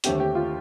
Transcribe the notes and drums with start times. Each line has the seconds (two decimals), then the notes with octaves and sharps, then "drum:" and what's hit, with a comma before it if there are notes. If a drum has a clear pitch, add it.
0.04 D#2 D3 A3 C4 G4, drum: hi-hat
0.20 G4
0.35 F4